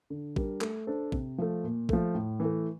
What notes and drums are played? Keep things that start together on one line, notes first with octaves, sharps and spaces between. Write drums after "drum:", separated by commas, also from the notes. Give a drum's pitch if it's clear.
D3
G3 D4 G4 A#4, drum: kick
A3, drum: clap
D4 A4 C5
C3, drum: kick
F3 A3
A#2
F3 A3, drum: kick
A2
E3 A3